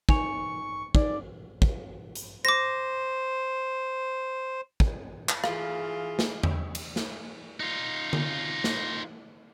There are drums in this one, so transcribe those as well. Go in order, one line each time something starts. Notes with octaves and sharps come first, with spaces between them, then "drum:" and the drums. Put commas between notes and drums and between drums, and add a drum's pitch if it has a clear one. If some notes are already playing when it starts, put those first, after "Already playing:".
D#4 G#5 C#6 F7, drum: kick
D#4 D5, drum: kick
drum: kick
drum: hi-hat
C5 D6 A#6
drum: kick
drum: clap
E3 F4 G#4 F5, drum: rim click
drum: snare
drum: tom E2
drum: cymbal
drum: snare
D#4 F4
drum: tom D3
drum: snare